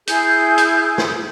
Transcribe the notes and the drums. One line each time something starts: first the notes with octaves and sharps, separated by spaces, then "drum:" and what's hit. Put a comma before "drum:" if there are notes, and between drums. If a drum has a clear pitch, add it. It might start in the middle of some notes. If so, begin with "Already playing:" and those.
E4 G#4 G6, drum: hi-hat
drum: hi-hat
drum: snare